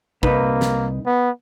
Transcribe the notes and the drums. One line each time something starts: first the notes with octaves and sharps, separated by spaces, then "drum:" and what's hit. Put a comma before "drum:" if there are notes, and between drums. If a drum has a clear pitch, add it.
C2 A#3 D#4 B4, drum: kick
drum: snare
B3